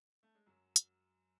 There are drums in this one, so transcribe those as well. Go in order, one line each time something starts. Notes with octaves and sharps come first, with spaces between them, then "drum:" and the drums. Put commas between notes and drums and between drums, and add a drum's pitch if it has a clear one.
A3
G#3
F#2 F#3
drum: hi-hat